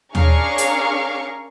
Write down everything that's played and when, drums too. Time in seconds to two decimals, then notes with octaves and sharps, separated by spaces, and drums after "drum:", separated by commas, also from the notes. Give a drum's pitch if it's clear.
0.15 C#4 D4 G#4 A#4 F5 C#6, drum: tom D#2
0.58 drum: hi-hat